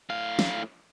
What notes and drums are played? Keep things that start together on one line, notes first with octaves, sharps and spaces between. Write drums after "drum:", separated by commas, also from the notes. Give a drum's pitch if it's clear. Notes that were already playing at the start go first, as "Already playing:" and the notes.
A2 F5
drum: snare